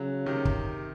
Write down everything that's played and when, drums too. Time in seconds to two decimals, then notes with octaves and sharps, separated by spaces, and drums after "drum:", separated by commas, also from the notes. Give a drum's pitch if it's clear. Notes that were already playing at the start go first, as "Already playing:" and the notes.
Already playing: C#3 F#3
0.26 C3 D#3
0.45 drum: kick